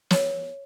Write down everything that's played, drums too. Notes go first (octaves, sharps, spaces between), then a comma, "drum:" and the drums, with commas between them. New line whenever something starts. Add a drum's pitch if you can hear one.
C#5, drum: snare